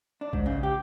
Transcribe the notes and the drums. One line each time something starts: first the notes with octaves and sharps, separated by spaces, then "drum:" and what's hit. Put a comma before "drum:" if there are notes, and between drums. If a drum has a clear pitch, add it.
D4
G#2, drum: kick A#1
C#3
G4